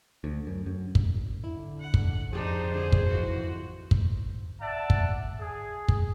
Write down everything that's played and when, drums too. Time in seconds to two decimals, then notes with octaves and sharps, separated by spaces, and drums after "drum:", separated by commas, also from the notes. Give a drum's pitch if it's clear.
0.24 D2
0.47 F#2
0.66 F#2
0.95 drum: kick
1.44 D3 E4
1.81 F#5
1.94 drum: kick
2.33 F2 D4 D#4 G4 G#4 C5
2.74 D3 G#4
2.92 drum: kick
3.09 E3 D#4 F4 F#4
3.91 drum: kick
4.61 D5 E5 F#5 A5
4.90 drum: kick
5.39 G#4
5.88 drum: kick